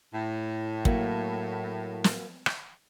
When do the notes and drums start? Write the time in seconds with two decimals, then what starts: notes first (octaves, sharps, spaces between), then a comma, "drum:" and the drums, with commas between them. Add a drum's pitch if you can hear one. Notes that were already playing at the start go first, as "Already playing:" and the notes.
0.13 A2
0.85 F#3 A#3, drum: kick
2.04 drum: snare
2.46 drum: rim click